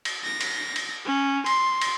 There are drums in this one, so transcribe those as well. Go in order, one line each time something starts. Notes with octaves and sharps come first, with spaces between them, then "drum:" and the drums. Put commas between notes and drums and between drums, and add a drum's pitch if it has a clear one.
drum: cymbal
A#6
drum: cymbal
drum: cymbal
C#4
C6, drum: cymbal
drum: cymbal